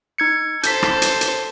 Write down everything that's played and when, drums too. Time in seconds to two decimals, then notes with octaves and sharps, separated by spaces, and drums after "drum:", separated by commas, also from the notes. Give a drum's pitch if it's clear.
0.18 D#4 G#6 C#7
0.63 A4 C5 G6 B6, drum: hi-hat
0.83 drum: rim click
1.02 drum: hi-hat
1.21 drum: hi-hat